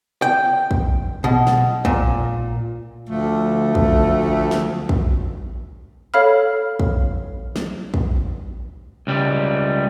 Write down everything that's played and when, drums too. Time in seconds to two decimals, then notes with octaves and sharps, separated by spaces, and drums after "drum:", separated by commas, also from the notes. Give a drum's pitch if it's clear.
0.22 G5
0.71 drum: kick
1.24 B2
1.47 drum: snare
1.85 A#2, drum: kick
3.08 D2 F3 A3
3.75 drum: kick
4.51 drum: snare
4.89 drum: kick
6.14 A4 C#5 F5 B5 F6
6.80 drum: kick
7.56 drum: snare
7.94 drum: kick
9.07 C#2 G3